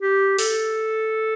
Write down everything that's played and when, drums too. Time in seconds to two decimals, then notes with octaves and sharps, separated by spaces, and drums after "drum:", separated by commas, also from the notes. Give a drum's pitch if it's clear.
0.02 G4
0.38 A4, drum: open hi-hat